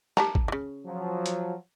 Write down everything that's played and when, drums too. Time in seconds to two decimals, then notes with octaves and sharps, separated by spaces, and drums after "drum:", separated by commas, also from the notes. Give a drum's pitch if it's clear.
0.17 G4 A5 A#5, drum: snare
0.35 drum: kick
0.48 C#3 E3
0.86 F3 F#3
1.26 drum: hi-hat